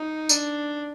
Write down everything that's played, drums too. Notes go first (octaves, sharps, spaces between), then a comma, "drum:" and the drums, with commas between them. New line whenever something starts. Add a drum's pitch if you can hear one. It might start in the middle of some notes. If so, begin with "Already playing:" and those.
Already playing: D#4
D4, drum: tambourine